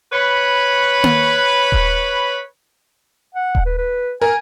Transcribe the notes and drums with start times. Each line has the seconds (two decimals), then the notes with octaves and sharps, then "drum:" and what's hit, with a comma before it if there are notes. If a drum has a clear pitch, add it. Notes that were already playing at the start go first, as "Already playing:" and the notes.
0.12 B4 C#5 B5
1.04 drum: tom A#3
1.72 drum: kick D#1
3.34 F#5
3.55 drum: kick D#1
3.66 B4
3.78 B4
4.22 A#4 G#5